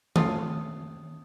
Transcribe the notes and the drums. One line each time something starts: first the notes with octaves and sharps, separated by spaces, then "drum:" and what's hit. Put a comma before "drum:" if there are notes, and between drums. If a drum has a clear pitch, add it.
A3 C#4 F4 D#6, drum: tom D#3